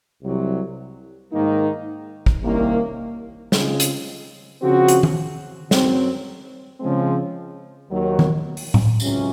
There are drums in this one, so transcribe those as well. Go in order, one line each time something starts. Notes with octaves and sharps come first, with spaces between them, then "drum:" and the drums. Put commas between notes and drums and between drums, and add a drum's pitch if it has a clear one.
C2 C3 F#3
G#2 D#3 A#3 D#4
drum: kick
C2 C3 D#3 A#3 C#4
C#3 G#3 C4 F4 G#4, drum: snare
drum: hi-hat
C#3 F3 C4 F#4
drum: hi-hat
drum: tom D#3
F#2 C#3 F#3 C4, drum: snare
C#3 F3 G#3 C4
D#2 D#3 F#3
drum: tom D#3
drum: open hi-hat
drum: tom A2
C#2 C3 F#3 C#4, drum: tambourine